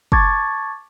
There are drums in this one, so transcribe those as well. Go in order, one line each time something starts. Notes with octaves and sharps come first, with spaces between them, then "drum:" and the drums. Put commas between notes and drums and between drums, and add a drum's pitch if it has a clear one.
A5 C#6 D6 G#6 A6, drum: kick